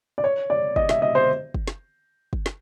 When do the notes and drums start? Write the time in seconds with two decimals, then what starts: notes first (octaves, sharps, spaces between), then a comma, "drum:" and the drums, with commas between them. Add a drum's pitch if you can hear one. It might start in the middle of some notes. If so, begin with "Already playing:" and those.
0.18 D5
0.24 C#5
0.50 D5
0.76 D#5, drum: kick
0.89 E5, drum: snare
1.02 D#5
1.15 C5
1.54 drum: kick
1.68 drum: snare
2.33 drum: kick
2.46 drum: snare